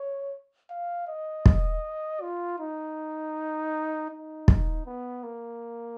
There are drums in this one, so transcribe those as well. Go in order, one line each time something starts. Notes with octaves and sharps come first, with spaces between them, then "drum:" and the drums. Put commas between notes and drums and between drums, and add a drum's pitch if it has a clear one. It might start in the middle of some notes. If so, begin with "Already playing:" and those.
Already playing: C#5
F5
D#5
drum: kick
F4
D#4
D#4
drum: kick
B3
A#3